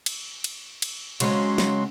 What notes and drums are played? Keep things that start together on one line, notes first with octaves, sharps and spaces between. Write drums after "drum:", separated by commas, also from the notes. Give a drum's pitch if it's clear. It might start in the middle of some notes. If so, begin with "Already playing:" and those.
drum: cymbal
drum: cymbal
drum: cymbal
C#3 F#3 G#3 C#4 F#4 C6, drum: cymbal
drum: snare